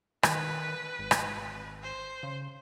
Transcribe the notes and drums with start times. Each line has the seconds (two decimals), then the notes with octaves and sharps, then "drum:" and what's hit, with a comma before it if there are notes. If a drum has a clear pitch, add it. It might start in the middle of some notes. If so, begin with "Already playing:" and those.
0.23 D#3 B4, drum: rim click
0.99 G#1
1.11 drum: rim click
1.83 C5
2.23 C#3